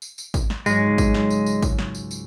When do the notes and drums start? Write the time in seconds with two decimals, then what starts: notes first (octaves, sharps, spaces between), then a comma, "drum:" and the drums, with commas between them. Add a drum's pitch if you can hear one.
0.02 drum: tambourine
0.18 drum: tambourine
0.34 drum: kick, tambourine
0.50 drum: snare
0.66 G#2 F#3 G#3, drum: tambourine
0.86 C#2
0.98 drum: kick, tambourine
1.14 drum: snare
1.30 drum: tambourine
1.46 drum: tambourine
1.62 drum: kick, tambourine
1.79 drum: snare
1.95 drum: tambourine
2.11 drum: tambourine